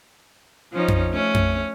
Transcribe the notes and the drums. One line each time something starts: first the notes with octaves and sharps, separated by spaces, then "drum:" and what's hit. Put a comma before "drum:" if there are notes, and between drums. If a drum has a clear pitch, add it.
F3 C#4 D#4
drum: tom F2
A3 C#4
drum: tom F2